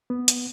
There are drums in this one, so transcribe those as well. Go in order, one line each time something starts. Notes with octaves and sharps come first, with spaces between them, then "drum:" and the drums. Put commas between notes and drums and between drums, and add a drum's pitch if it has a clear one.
B3
drum: hi-hat